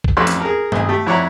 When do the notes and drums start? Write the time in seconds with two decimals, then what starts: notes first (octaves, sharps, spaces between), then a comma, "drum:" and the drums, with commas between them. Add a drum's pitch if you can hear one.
0.04 drum: kick A#1
0.17 A1 F2 A4 B4 C6
0.27 drum: hi-hat
0.41 G#4 A#4
0.72 B1 C4 D#5 G#5, drum: tom
0.88 A3 G4
1.07 F2 E4 C#5 D5 F#5 A#5